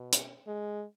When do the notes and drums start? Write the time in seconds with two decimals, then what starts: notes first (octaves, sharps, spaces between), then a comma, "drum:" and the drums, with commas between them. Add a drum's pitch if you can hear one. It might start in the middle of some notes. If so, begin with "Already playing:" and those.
Already playing: B2
0.13 drum: hi-hat
0.47 G#3